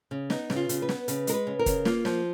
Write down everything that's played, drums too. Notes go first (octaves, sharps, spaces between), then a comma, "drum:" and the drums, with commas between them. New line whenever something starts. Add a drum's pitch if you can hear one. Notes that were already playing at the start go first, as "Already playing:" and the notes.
C#3
B3 D#4, drum: snare
C#3, drum: snare
F4
C#3, drum: hi-hat
B4
B3, drum: snare
C#3 B4, drum: hi-hat
G#3 A#4, drum: hi-hat
B4
C#3
A#4
C#3, drum: kick, hi-hat
A#3 F4, drum: snare
F3, drum: snare